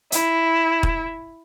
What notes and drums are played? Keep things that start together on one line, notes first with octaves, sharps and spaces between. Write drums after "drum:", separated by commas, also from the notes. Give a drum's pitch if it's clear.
E4, drum: hi-hat
drum: kick